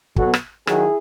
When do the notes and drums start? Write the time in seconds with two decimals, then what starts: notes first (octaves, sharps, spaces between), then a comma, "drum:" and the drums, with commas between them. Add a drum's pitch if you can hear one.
0.16 B2 F#3 B3 F#4 A4, drum: kick
0.34 drum: rim click
0.67 D#3 F#3 E4 G#4, drum: rim click